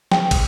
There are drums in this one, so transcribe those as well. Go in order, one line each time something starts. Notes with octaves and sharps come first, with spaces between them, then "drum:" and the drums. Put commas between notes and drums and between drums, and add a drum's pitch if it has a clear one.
G5, drum: snare
drum: kick, cymbal